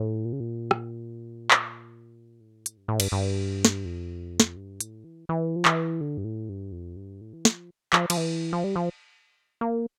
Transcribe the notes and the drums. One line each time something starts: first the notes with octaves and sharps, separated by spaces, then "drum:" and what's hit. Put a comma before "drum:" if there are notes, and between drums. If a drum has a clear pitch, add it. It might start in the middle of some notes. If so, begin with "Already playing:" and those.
Already playing: A2
A#2
C#3
A#2
drum: rim click
drum: clap
A2
drum: hi-hat
G2
A2
G2, drum: cymbal
G2
drum: snare
F2
drum: snare
G2
A2, drum: hi-hat
E3
E3
F3
E3, drum: clap
D3
G2
A2
G2
F2
G2
A2
E3
F3, drum: snare
F3, drum: clap
F3, drum: cymbal
E3
F3
G3
F3
A#3